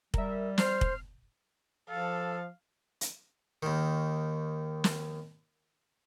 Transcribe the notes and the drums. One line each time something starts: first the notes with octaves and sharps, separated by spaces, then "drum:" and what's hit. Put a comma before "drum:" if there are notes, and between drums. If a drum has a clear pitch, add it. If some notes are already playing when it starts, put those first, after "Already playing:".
G3 A#4 E5, drum: kick
C5 F6 C7, drum: snare
drum: kick
F3 A4 F5
drum: hi-hat
D#2 D#3
drum: snare